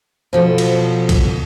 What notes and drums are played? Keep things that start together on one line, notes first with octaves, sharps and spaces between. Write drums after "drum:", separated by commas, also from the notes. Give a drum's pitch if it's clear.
B2 F3 A4 C5
drum: cymbal
drum: kick, cymbal